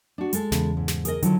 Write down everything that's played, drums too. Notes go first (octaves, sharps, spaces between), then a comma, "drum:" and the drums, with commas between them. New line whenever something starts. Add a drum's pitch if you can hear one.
D4 F#4
G#3 A4, drum: hi-hat
E2 C#3, drum: snare
G#2
drum: snare
G#4 A#4 D#5, drum: hi-hat
D3 D#3 F3 F#3, drum: hi-hat